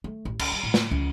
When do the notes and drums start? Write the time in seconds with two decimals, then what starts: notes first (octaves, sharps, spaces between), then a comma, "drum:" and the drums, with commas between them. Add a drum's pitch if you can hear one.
0.04 A3
0.25 A1
0.39 C#2, drum: cymbal
0.52 G3
0.63 A2
0.74 drum: snare
0.91 C#2 F3